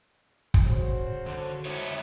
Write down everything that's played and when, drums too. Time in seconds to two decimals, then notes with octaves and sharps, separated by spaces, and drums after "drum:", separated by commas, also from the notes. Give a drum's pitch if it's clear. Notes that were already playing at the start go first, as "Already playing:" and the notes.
0.54 drum: kick
0.66 C#3 F#4 C5
1.26 D3
1.65 D#4 E4 C#5